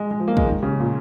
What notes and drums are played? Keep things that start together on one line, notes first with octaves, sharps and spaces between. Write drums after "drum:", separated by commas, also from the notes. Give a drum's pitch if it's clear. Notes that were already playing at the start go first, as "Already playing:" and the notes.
Already playing: G#3
G#3
F3
A#3
G#3, drum: kick
D#3
C#3
A#2